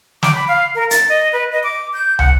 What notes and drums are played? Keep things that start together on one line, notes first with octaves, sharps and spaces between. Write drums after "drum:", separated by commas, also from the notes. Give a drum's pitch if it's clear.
D6, drum: snare
B5
F5
A#4
A6, drum: hi-hat
D#5
B4
D#5
D6
G6
F#5, drum: tom